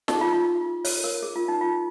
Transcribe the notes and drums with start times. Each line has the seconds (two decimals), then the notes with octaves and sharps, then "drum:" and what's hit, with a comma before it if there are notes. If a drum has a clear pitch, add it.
0.08 D#4, drum: snare
0.15 G#4
0.21 F4
0.33 F4
0.85 C#5, drum: open hi-hat
1.04 A#4
1.23 G#4
1.36 F4
1.48 D#4
1.61 F4